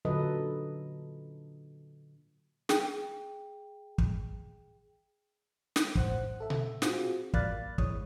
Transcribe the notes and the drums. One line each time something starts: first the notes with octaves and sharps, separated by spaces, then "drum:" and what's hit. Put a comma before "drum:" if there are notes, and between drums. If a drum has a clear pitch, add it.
A#2 D3 F#3 A4 B4 D#5
G#4 G5, drum: snare
drum: kick
drum: snare
A#1 A2 C5 F#5 F#6, drum: kick
A4 E5
drum: tom A#2
C4 F4 F#4 G#4, drum: snare
A#3 D5 F5 B5 F#6 A6, drum: kick
A#1 E3 G#3 C#5 D#6, drum: kick